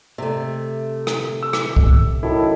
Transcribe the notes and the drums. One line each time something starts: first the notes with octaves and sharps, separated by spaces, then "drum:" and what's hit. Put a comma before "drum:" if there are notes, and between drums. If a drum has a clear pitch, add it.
C3 A3 E5
drum: rim click
E6
drum: rim click
drum: kick C2
F#2 D#3 E4 A4